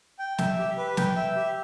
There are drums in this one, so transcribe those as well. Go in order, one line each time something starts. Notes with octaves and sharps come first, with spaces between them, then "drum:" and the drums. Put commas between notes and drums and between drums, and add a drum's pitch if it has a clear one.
G5
E5, drum: snare
G4
B4
G5, drum: snare
E5
G4